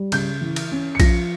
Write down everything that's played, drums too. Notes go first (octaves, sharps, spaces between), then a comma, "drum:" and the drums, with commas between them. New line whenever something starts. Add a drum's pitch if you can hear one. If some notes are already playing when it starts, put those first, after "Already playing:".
Already playing: G3
C#3 G6, drum: cymbal
E3
drum: cymbal
C#4
C#7
F3 A#6, drum: kick A#1, cymbal